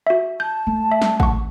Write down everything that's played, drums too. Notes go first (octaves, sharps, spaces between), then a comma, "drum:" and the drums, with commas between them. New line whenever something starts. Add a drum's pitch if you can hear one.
F#4 E5
A5 G6
A3
E5
drum: snare
F#5 C#6, drum: kick A1